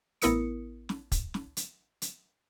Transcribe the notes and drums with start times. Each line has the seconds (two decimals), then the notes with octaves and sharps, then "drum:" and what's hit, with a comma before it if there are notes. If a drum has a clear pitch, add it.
0.22 A1 B3 E4 A#4 D#6 C#7, drum: hi-hat
0.89 drum: snare
1.12 drum: kick, hi-hat
1.34 drum: snare
1.57 drum: hi-hat
2.02 drum: hi-hat